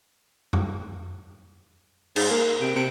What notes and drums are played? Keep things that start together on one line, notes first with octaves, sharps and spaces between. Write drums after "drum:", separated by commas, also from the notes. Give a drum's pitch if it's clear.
drum: tom F2
G#2, drum: cymbal
A#3
C3
C3